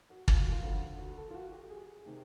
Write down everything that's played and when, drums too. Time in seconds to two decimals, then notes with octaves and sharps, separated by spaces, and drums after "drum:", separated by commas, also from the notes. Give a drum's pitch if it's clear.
0.10 F#4
0.28 F4, drum: kick
0.40 F#4
0.52 F4
0.63 D2 D3 F3
0.99 F#4
1.17 A4
1.31 F4
1.34 F#4
1.52 G4
1.70 G#4
2.06 C3 D#3